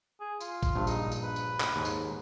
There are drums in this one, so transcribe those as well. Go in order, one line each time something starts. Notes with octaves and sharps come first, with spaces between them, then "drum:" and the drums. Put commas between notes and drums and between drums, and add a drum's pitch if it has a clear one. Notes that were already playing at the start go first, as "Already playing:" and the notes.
G#4
F4, drum: tambourine
drum: kick A1, tambourine
A#1 G2
D#4, drum: tambourine
drum: tambourine
B4
drum: tambourine
drum: clap
D#2 G#2
drum: tambourine